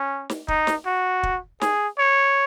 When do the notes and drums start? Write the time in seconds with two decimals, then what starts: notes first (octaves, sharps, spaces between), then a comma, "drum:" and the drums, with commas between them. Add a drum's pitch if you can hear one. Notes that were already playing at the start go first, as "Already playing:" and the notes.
Already playing: C#4
0.30 drum: snare
0.48 D#4, drum: kick
0.67 drum: snare
0.86 F#4
1.23 drum: kick
1.61 G#4, drum: snare
1.99 C#5